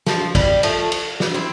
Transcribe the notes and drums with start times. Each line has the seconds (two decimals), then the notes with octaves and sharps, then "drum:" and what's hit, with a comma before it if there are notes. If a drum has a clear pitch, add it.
0.06 F3, drum: snare
0.35 G3, drum: kick, cymbal
0.63 F3 A3, drum: cymbal
0.92 drum: cymbal
1.20 drum: snare
1.34 C4 E4